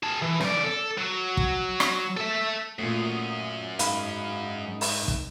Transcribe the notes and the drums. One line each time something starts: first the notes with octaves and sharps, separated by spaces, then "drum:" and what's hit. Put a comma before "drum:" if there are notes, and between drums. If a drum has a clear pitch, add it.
G#4 A5
E3
C#3 D5, drum: snare
A4
F#3
drum: kick
drum: rim click
A4 E5
F#2 A#2 A3 D#6
G#2 D#4 F5 B5, drum: hi-hat
drum: open hi-hat
drum: kick